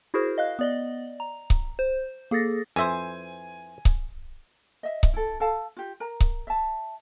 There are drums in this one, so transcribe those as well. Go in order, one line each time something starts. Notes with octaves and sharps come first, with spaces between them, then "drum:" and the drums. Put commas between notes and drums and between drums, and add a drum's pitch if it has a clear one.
E4 F#4 G#4 A#4 C5
D#5 F5 F#6
B3 D5 D#5
A#5
drum: kick C#1
C5
A#3 G#4 A4 A6 A#6
F2 E3 C5 E5 G#5
drum: kick C#1
D#5 E5
drum: kick C#1
E4 A4
A4 F5 A5
F4 G4
A#4 A#5
drum: kick C#1
E5 A5